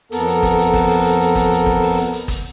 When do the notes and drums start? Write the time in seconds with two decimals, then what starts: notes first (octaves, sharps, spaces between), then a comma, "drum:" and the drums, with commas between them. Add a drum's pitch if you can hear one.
0.12 F2 B3 A4 A#4, drum: hi-hat
0.27 drum: hi-hat
0.43 drum: kick, hi-hat
0.58 drum: hi-hat
0.74 drum: kick, open hi-hat
0.89 drum: open hi-hat
1.05 drum: hi-hat
1.20 drum: hi-hat
1.35 drum: kick, hi-hat
1.51 drum: hi-hat
1.66 drum: kick
1.82 drum: open hi-hat
1.97 drum: hi-hat
2.13 drum: hi-hat
2.28 drum: kick, hi-hat